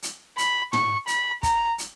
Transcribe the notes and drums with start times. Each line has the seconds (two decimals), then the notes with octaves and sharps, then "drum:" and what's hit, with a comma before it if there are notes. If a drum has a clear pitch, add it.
0.03 drum: hi-hat
0.38 B5, drum: hi-hat
0.73 C#6, drum: tom
1.07 B5, drum: hi-hat
1.43 A#5, drum: kick, hi-hat
1.78 drum: hi-hat